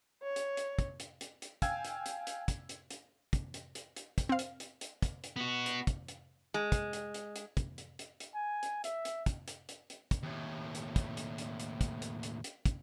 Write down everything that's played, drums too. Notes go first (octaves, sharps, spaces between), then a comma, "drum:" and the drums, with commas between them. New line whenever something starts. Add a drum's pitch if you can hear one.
C#5
drum: hi-hat
drum: hi-hat
drum: kick, hi-hat
drum: hi-hat
drum: hi-hat
drum: hi-hat
F5 G5 G#5 E6 G#6, drum: kick, hi-hat
drum: hi-hat
drum: hi-hat
drum: hi-hat
drum: kick, hi-hat
drum: hi-hat
drum: hi-hat
drum: kick, hi-hat
drum: hi-hat
drum: hi-hat
drum: hi-hat
drum: kick, hi-hat
C4 F5
drum: hi-hat
drum: hi-hat
drum: hi-hat
drum: kick, hi-hat
drum: hi-hat
B3 F#4
drum: hi-hat
drum: kick, hi-hat
drum: hi-hat
G#3
drum: kick, hi-hat
drum: hi-hat
drum: hi-hat
drum: hi-hat
drum: kick, hi-hat
drum: hi-hat
drum: hi-hat
drum: hi-hat
G#5
drum: hi-hat
E5, drum: hi-hat
drum: hi-hat
drum: kick, hi-hat
drum: hi-hat
drum: hi-hat
drum: hi-hat
drum: kick, hi-hat
D#2 A2
drum: hi-hat
drum: kick, hi-hat
drum: hi-hat
drum: hi-hat
drum: hi-hat
drum: kick, hi-hat
drum: hi-hat
drum: hi-hat
drum: hi-hat
drum: kick, hi-hat